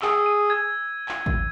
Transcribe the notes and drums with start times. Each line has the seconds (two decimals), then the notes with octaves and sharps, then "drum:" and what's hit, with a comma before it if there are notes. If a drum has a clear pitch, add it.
0.02 G#4 E6, drum: clap
0.26 D#7
0.50 G#6
1.09 drum: clap
1.26 drum: kick